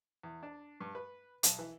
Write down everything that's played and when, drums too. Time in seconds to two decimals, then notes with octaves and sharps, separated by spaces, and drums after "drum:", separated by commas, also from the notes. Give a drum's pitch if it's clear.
0.23 E2
0.43 D4
0.80 G2
0.95 B4
1.43 B1, drum: hi-hat
1.59 E3